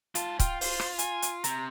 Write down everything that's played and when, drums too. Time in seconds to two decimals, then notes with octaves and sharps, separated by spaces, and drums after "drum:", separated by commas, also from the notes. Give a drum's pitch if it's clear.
0.15 G#2 F4 A5, drum: hi-hat
0.40 F4 G5, drum: kick C#1, hi-hat
0.61 C5, drum: open hi-hat
0.80 drum: rim click
0.99 G#5, drum: hi-hat
1.22 drum: hi-hat
1.44 C3 A#5, drum: hi-hat